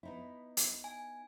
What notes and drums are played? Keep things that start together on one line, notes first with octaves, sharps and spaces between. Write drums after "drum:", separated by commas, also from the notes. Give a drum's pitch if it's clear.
B3 D#4 E4
drum: hi-hat
G#5